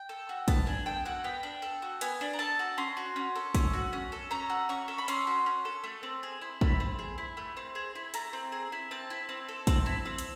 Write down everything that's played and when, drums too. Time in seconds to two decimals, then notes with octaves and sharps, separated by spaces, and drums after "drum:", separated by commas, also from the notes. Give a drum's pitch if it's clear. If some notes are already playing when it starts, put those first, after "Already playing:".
Already playing: G5
0.09 A4
0.29 F#4
0.48 B3 A5, drum: kick, hi-hat
0.66 D4 G#5
0.86 A4 G5
1.05 F#4 F#5
1.24 B3 G5
1.43 D4
1.62 A4
1.82 F#4
2.01 B3 G#5, drum: hi-hat
2.21 D4
2.33 A#5
2.39 A4 A5
2.59 F#4
2.78 C#4 C6
2.97 F#4
3.16 C#4
3.36 A4
3.55 C#4, drum: kick, hi-hat
3.73 F#4
3.93 C#4
4.12 A4
4.31 C#4 A#5
4.50 F#4
4.69 C#4 C#6
4.88 A4
4.98 B5
5.08 C#4 C6, drum: hi-hat
5.27 F#4
5.46 C#4
5.65 A4
5.84 A3
6.03 C4
6.23 G#4
6.41 E4
6.61 A3 B5, drum: kick
6.80 C4
6.99 G#4
7.18 E4
7.37 A3
7.57 C4
7.75 G#4
7.95 E4
8.14 A3 A#5, drum: hi-hat
8.33 C4
8.52 G#4
8.72 E4
8.91 C4 A5
9.10 E4
9.29 C4
9.49 A4
9.67 C4, drum: kick, hi-hat
9.86 E4
10.06 C4
10.18 drum: hi-hat